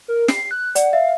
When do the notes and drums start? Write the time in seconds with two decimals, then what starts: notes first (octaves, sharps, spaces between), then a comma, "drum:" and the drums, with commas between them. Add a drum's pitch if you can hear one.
0.08 A#4
0.28 C7, drum: snare
0.51 F#6
0.75 D5 F#5, drum: hi-hat
0.93 E5 F5